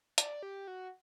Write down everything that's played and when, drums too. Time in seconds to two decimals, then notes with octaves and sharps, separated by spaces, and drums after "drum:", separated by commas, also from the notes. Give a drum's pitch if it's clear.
0.18 D5, drum: hi-hat
0.43 G4
0.68 F#4